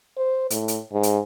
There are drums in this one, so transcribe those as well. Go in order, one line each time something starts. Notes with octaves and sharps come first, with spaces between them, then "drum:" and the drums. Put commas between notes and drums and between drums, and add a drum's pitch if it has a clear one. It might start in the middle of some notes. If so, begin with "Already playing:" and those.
C5
A2, drum: hi-hat
drum: hi-hat
G#2
drum: hi-hat